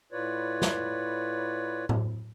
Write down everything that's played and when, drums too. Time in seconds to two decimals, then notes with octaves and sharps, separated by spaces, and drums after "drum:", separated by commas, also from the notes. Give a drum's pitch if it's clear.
0.12 A2 F4 B4 C#5 D5
0.62 drum: snare
1.89 drum: tom A2